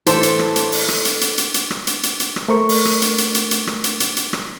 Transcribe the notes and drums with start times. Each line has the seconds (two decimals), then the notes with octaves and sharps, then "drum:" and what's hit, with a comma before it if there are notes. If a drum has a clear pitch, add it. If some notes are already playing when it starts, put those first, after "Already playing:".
0.06 A1 E3 A4 C5 A5 C6, drum: hi-hat
0.23 drum: hi-hat
0.39 drum: rim click
0.56 drum: hi-hat
0.72 drum: open hi-hat
0.89 drum: rim click
1.05 drum: hi-hat
1.21 drum: hi-hat
1.38 drum: hi-hat
1.54 drum: hi-hat
1.71 drum: rim click
1.87 drum: hi-hat
2.03 drum: hi-hat
2.20 drum: hi-hat
2.36 drum: rim click
2.48 A3 A#4 C5 C#6
2.69 drum: open hi-hat
2.85 drum: rim click
3.02 drum: hi-hat
3.18 drum: hi-hat
3.35 drum: hi-hat
3.51 drum: hi-hat
3.67 drum: rim click
3.84 drum: hi-hat
4.00 drum: hi-hat
4.17 drum: hi-hat
4.33 drum: rim click